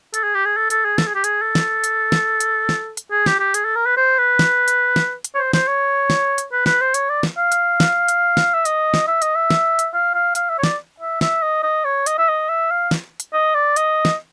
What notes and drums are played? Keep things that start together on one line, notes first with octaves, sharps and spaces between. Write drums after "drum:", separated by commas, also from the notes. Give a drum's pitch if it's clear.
A4, drum: hi-hat
G#4
G4
G#4
A4
A4, drum: hi-hat
G#4
A4, drum: snare
G#4
G4
G#4, drum: hi-hat
A4
drum: snare
drum: hi-hat
drum: snare
drum: hi-hat
drum: snare
drum: hi-hat
G#4
G4, drum: snare
G4
G#4, drum: hi-hat
A4
A#4
B4
C5
B4
drum: snare
drum: hi-hat
drum: snare
drum: hi-hat
C#5
C5
C5, drum: snare
C#5
drum: snare
drum: hi-hat
B4
B4, drum: snare
C5
C#5, drum: hi-hat
D5
drum: snare
F5
drum: hi-hat
drum: snare
drum: hi-hat
drum: snare
E5
D#5, drum: hi-hat
drum: snare
E5
D#5, drum: hi-hat
E5
drum: snare
drum: hi-hat
F5
F5
F5, drum: hi-hat
E5
C#5
D5, drum: snare
E5
E5, drum: snare
D#5
D#5
C#5
D#5, drum: hi-hat
E5
D#5
E5
F5
drum: snare
drum: hi-hat
D#5
D5
D#5, drum: hi-hat
drum: snare